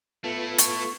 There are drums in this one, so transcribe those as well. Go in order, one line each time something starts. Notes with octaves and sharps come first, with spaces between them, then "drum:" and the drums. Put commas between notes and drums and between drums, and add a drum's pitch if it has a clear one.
A3 B3 E4 F4 A4
C#6, drum: hi-hat